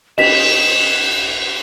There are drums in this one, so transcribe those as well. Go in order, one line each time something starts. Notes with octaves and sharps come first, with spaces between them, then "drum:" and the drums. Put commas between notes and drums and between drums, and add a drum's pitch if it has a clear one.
D#5 B6 E7, drum: cymbal